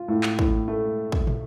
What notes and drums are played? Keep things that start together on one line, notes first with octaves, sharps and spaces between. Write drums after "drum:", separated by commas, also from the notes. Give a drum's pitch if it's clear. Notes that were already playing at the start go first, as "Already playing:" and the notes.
Already playing: F4
A2
drum: clap
A2, drum: kick
A3
drum: kick
drum: tom